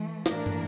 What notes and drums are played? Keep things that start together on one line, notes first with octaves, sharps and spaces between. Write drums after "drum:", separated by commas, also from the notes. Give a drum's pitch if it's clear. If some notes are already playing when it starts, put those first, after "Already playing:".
Already playing: E3 A3
A2 E3 A#3 D4 A#4, drum: snare
drum: tom